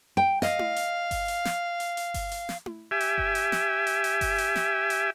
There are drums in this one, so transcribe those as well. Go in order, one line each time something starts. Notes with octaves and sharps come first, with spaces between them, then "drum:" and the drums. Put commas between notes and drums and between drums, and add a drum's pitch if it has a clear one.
G5
D#5 F5, drum: snare
drum: tom E4
drum: hi-hat
drum: kick G1, open hi-hat
drum: hi-hat
drum: snare
drum: hi-hat
drum: hi-hat
drum: kick G1, open hi-hat
drum: hi-hat
drum: snare
drum: tom E4
G4 E5 G#5
drum: hi-hat
drum: kick G1
drum: hi-hat
drum: snare
drum: hi-hat
drum: hi-hat
drum: kick G1, open hi-hat
drum: hi-hat
drum: snare
drum: hi-hat